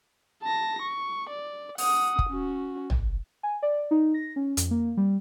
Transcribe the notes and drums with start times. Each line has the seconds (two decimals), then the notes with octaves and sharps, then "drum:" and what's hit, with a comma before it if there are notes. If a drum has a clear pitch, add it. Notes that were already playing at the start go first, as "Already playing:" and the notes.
0.43 A5 A#6
0.82 C#6
1.29 D5
1.78 F#5 D#6, drum: open hi-hat
2.19 drum: kick
2.29 C#4 F#4
2.90 drum: tom
3.43 G#5
3.62 D5
3.91 D#4
4.14 A#6
4.36 C#4
4.57 F2, drum: hi-hat
4.71 A#3
4.97 G3